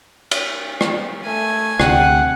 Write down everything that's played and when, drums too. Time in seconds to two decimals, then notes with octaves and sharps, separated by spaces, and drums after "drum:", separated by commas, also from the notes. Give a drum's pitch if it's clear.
0.31 drum: cymbal
0.81 drum: rim click
1.26 A3 G#5
1.80 D2 C3 F#5 G5, drum: rim click